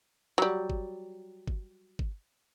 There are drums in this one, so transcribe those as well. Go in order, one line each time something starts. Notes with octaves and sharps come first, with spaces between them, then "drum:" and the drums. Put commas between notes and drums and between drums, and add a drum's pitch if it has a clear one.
F#3 G3
drum: kick G1
drum: kick G1
drum: kick G1